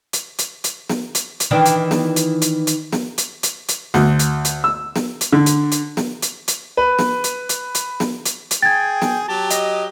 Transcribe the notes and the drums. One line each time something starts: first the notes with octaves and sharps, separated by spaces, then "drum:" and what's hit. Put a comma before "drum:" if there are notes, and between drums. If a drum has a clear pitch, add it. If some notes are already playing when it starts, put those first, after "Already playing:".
drum: hi-hat
drum: hi-hat
drum: hi-hat
drum: snare
drum: hi-hat
drum: hi-hat
D#3 E3 D4
drum: hi-hat
drum: snare
drum: hi-hat
drum: hi-hat
drum: hi-hat
drum: snare
drum: hi-hat
drum: hi-hat
drum: hi-hat
D2, drum: snare
drum: hi-hat
drum: hi-hat
E6
drum: snare
drum: hi-hat
D3
drum: hi-hat
drum: hi-hat
drum: snare
drum: hi-hat
drum: hi-hat
B4
drum: snare
drum: hi-hat
drum: hi-hat
drum: hi-hat
drum: snare
drum: hi-hat
drum: hi-hat
G#4 G5 G#6 A6
drum: snare
F#3 G4 A5
D#5, drum: hi-hat